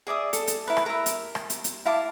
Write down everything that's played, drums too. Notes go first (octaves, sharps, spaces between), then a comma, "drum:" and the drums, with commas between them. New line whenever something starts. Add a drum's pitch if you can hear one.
G#4 D5 E5 D#6
A4, drum: hi-hat
drum: hi-hat
E4 A#4 B4
drum: rim click
A#4 E5
drum: hi-hat
drum: rim click
drum: hi-hat
drum: hi-hat
E4 F5 A5 D6